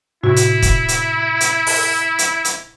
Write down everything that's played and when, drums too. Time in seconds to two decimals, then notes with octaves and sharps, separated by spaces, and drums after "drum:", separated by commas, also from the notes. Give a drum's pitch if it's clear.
0.23 A2 C3 E4 F#4
0.36 drum: hi-hat
0.62 drum: kick, hi-hat
0.88 drum: hi-hat
1.40 drum: hi-hat
1.67 drum: open hi-hat
2.19 drum: hi-hat
2.45 drum: hi-hat